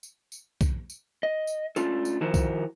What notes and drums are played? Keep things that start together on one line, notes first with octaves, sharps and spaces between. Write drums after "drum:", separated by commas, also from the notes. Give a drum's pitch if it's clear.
drum: tambourine
drum: tambourine
drum: kick, tambourine
drum: tambourine
D#5
drum: tambourine
A3 C#4 D4 F4 A4, drum: tambourine
drum: tambourine
D#3 F3 E4 F#4 A#4 C5
drum: kick, tambourine